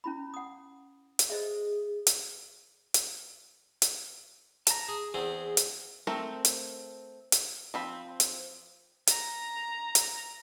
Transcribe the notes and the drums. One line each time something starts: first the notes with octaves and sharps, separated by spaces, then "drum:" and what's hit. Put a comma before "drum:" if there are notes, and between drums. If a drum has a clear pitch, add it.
C#4 E4 B5
F#5 D#6
drum: hi-hat
G#4 C5 D#5 E5
drum: hi-hat
drum: hi-hat
drum: hi-hat
A5 A#5, drum: hi-hat
G#4
E2 C4 G#4
drum: hi-hat
A3 C4 A#4
drum: hi-hat
drum: hi-hat
F3 C4 B5
drum: hi-hat
A#5, drum: hi-hat
drum: hi-hat